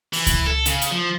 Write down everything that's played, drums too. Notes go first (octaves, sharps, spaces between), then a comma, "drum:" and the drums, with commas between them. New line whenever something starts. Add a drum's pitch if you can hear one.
E3, drum: open hi-hat
drum: kick C#2, hi-hat
A4
C#3, drum: hi-hat
drum: hi-hat
F3